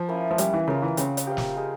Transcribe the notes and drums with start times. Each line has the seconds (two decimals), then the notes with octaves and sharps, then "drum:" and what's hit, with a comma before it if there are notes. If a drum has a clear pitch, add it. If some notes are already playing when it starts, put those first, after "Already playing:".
Already playing: F3
0.09 A#3 C#4 E4
0.31 F3
0.38 G3 C#4, drum: hi-hat
0.54 E3
0.67 C#3 F4 A#4
0.82 E3
0.97 C#3 C4, drum: hi-hat
1.17 drum: hi-hat
1.27 G4 C5 F5
1.37 drum: snare
1.57 G#3